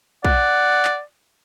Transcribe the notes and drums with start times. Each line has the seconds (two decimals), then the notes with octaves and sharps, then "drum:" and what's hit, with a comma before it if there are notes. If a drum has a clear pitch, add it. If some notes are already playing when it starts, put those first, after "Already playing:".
0.24 D5 F#5, drum: kick
0.85 drum: clap